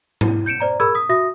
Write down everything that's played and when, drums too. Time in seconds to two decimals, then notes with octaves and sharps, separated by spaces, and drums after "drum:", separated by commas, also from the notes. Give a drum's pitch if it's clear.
0.21 E4, drum: tom G#2
0.46 G6 C#7 D7 E7
0.60 C5 D5 A#5
0.80 G#4 A#4 B5 E6 G#6
0.95 D#6 B6
1.09 F#4 E5 D#6 A#6